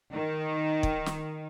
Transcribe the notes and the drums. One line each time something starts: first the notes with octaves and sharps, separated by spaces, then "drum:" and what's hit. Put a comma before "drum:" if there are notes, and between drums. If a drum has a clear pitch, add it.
D#3
drum: kick
drum: snare